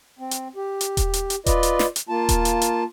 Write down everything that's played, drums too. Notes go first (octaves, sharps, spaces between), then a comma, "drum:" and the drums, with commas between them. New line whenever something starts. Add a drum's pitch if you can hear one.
C4
drum: hi-hat
G4
drum: hi-hat
drum: kick D#1, hi-hat
drum: hi-hat
drum: hi-hat
F4 B4 D5 D#5, drum: kick D#1, hi-hat
drum: hi-hat
drum: snare
drum: hi-hat
A#3 F4 A5
drum: kick D#1, hi-hat
drum: hi-hat
drum: hi-hat